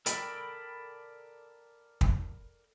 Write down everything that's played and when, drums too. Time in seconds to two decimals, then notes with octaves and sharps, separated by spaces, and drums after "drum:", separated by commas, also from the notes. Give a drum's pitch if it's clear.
0.06 A4 A#4 D5 G5 B5, drum: hi-hat
2.01 drum: kick